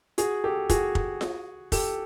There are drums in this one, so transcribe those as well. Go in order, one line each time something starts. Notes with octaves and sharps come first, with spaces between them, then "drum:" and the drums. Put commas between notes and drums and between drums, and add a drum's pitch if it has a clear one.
F#4 G#4, drum: hi-hat
G4 A4
F#4 G#4, drum: kick, hi-hat
drum: kick
drum: snare F4
G4 A4, drum: kick, open hi-hat